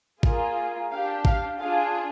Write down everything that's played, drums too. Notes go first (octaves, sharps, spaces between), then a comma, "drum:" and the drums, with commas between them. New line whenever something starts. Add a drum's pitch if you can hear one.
A#3 F4 G#4, drum: kick
D4 G4 F5
F5, drum: kick
D4 F4 G#4 F5